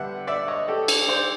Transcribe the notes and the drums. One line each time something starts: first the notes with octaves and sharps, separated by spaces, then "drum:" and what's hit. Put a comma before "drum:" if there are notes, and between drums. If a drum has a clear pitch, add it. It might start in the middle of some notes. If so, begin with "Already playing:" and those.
Already playing: D3 G3 B3 D4 E5 F#5
D5 E5
C#5 D#5
G4 A4
drum: cymbal
C5 D5